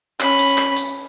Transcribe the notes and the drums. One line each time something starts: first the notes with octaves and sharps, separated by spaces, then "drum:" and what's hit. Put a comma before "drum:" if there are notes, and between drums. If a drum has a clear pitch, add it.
C#4 B5, drum: clap
drum: hi-hat
drum: clap
drum: hi-hat